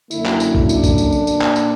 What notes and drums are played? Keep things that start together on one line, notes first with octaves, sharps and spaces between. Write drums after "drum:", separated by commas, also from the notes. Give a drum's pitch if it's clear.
F#2 D3 F#3 A#3 E4, drum: tambourine
drum: clap
drum: tambourine
drum: kick
D4, drum: tambourine
drum: kick, tambourine
drum: tambourine
drum: tambourine
A#2 A#3, drum: tambourine
drum: clap
drum: tambourine